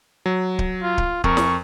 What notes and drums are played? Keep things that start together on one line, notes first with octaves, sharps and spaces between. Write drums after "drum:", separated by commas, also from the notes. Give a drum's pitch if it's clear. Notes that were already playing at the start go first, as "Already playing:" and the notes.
F#3
drum: kick D1
F4
drum: kick D1
F2 A#4 C#6, drum: kick D1
drum: snare